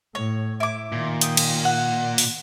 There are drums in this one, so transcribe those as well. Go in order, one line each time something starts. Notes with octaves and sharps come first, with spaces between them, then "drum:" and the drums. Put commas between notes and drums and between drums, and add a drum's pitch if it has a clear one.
A2 C#5
E4 D6
A#2 D#3
G5 D#6, drum: hi-hat
drum: cymbal
F#5
drum: open hi-hat